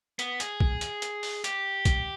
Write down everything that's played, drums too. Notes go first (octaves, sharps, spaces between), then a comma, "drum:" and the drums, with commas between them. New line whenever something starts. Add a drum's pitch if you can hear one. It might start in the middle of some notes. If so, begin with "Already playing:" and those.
B3, drum: hi-hat
G#4, drum: hi-hat
drum: kick
drum: hi-hat
drum: hi-hat
drum: open hi-hat
G4, drum: hi-hat
drum: kick, hi-hat